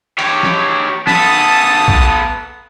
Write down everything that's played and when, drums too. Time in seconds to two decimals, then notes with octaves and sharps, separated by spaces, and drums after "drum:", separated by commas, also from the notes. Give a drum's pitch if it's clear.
0.19 G4 C#5, drum: cymbal
0.43 drum: snare
1.07 B3 A4 A5 D#6, drum: snare
1.88 drum: kick A#1